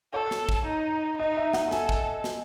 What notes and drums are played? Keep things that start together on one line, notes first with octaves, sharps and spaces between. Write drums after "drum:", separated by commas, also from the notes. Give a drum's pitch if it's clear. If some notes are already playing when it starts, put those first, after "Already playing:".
A4 C#5
drum: snare
drum: kick
D#4
D#4 D#5
E5
F#5, drum: snare
A4 G#5, drum: snare
drum: kick
drum: snare